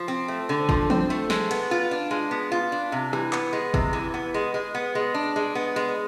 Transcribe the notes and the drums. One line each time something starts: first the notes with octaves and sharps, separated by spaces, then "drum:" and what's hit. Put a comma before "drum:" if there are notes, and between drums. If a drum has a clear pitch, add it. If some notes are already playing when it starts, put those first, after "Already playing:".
Already playing: F3
C4
A3
D3
F3, drum: kick
C4, drum: tom E3
A3
G#3, drum: snare
B3, drum: cymbal
F4
D4
G#3
B3
F4
D4
C3
E3, drum: rim click
B3, drum: clap
G#3
C3, drum: kick
E3
B3
G#3
G#3
B3
G#3
D4
G#3
B3
G#3